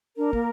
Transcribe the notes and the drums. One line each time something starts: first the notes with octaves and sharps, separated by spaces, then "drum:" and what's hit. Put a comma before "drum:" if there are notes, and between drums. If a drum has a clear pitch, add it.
D4 A#4
A#3, drum: kick